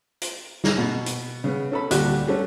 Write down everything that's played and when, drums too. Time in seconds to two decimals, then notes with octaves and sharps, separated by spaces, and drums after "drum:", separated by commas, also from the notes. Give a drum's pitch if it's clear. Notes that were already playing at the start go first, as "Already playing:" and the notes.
0.21 drum: hi-hat
0.64 drum: snare
0.78 B2
1.06 drum: hi-hat
1.44 C#3 B3
1.71 C#4 A4 B5
1.91 D2 A#2 G3 F#4 G4 F#6, drum: hi-hat
2.27 G3 A3 C#4